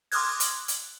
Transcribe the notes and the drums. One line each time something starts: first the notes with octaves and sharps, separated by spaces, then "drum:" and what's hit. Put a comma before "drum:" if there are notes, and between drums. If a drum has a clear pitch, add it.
C6 D6 D#6 F6 F#6 G#6, drum: open hi-hat
drum: hi-hat
drum: hi-hat